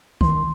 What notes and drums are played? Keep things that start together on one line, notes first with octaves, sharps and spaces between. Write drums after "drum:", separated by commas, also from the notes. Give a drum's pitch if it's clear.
D#3 C6, drum: kick